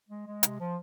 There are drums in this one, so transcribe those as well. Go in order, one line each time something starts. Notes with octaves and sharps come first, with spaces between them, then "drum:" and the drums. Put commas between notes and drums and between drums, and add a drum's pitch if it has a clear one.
G#3
G#3
C3, drum: hi-hat
F3